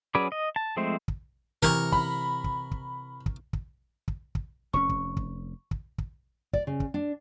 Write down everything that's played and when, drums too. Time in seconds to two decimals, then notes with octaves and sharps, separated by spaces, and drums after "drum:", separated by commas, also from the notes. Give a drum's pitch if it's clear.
0.15 F#3 C#4 G#4 B4 D5
0.32 D#5
0.56 A5
0.77 F3 G#3 A3 C4 C5
1.08 drum: kick
1.62 C3 E3 A#4 C#6, drum: kick
1.92 B5, drum: kick
2.44 drum: kick
2.71 drum: kick
3.26 drum: kick
3.53 drum: kick
4.08 drum: kick
4.35 drum: kick
4.73 F1 C3 C#4 C#6
4.89 drum: kick
5.17 drum: kick
5.71 drum: kick
5.98 drum: kick
6.53 D5, drum: kick
6.67 C#3
6.80 drum: kick
6.94 D4